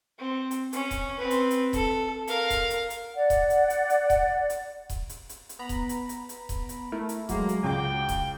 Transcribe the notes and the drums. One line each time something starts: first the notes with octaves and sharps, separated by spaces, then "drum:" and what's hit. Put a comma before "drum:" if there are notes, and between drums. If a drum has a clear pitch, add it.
C4
drum: hi-hat
C#4, drum: hi-hat
drum: kick D#1, hi-hat
C4 B4
drum: hi-hat
drum: hi-hat
A4, drum: kick D#1, hi-hat
A#4 F5, drum: hi-hat
drum: kick D#1, hi-hat
drum: hi-hat
drum: hi-hat
D5 F#5
drum: kick D#1, hi-hat
drum: hi-hat
drum: hi-hat
drum: hi-hat
drum: kick D#1, hi-hat
drum: hi-hat
drum: kick D#1, hi-hat
drum: hi-hat
drum: hi-hat
drum: hi-hat
B3 A#5 B5
drum: kick D#1, hi-hat
drum: hi-hat
drum: hi-hat
drum: hi-hat
drum: kick D#1, hi-hat
drum: hi-hat
A3 E4 A#4
drum: hi-hat
F#3 G#3 A#3, drum: kick D#1, hi-hat
drum: hi-hat
C#2 C#3 F#4 G5 D6
drum: kick D#1, hi-hat